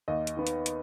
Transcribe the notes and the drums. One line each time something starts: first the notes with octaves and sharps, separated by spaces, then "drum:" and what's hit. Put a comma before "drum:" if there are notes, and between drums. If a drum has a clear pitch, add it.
D#2 D#5
drum: hi-hat
D#3 B3
drum: hi-hat
drum: hi-hat